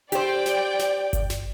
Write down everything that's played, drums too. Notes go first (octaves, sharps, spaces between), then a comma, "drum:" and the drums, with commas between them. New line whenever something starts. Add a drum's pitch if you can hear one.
G4 C5 D5 G5, drum: hi-hat
drum: snare
drum: snare
drum: kick G1, hi-hat
drum: snare